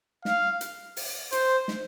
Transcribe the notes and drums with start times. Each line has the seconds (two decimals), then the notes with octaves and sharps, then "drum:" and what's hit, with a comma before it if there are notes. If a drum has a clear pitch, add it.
0.25 F5, drum: snare
0.61 drum: hi-hat
0.97 drum: open hi-hat
1.32 C5, drum: hi-hat
1.68 drum: snare